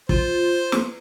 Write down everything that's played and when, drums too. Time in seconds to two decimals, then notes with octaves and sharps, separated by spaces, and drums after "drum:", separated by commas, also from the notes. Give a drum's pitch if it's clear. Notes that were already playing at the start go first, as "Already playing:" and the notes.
0.09 F4 C5, drum: kick
0.72 drum: snare